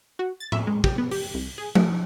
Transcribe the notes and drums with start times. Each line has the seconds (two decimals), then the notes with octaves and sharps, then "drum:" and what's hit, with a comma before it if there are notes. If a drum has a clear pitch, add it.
0.19 F#4
0.40 A6
0.52 E5, drum: tom A2
0.67 G#3
0.84 G4, drum: kick
0.98 B3
1.11 G4, drum: open hi-hat
1.34 C2
1.58 G#4
1.75 A3, drum: tom F3